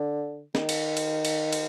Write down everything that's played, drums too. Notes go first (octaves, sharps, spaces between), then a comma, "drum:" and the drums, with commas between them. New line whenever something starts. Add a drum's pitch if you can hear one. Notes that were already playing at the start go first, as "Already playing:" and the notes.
Already playing: D3
D#3, drum: snare
drum: cymbal
drum: cymbal
drum: cymbal
drum: cymbal